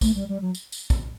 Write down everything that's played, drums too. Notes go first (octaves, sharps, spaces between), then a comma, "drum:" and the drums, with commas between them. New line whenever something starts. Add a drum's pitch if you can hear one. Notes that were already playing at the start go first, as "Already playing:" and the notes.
A3, drum: kick, tambourine
G3
G3
F#3
drum: tambourine
drum: tambourine
drum: kick, tambourine